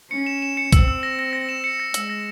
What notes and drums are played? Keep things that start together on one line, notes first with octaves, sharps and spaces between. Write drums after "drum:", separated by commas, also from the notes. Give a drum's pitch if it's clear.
C#4 C#7
E7
E7
C#7
C4 E6, drum: kick, hi-hat
E6
A#6
A#6
A#6
E7
C#7
A#6
G#3 E6, drum: hi-hat
A#6